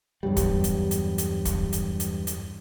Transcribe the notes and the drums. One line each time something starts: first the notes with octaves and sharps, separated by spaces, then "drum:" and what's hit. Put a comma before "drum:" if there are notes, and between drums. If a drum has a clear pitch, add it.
E2 G2 F#3 G3
drum: kick, hi-hat
drum: hi-hat
drum: hi-hat
drum: hi-hat
drum: kick, hi-hat
drum: hi-hat
drum: hi-hat
drum: hi-hat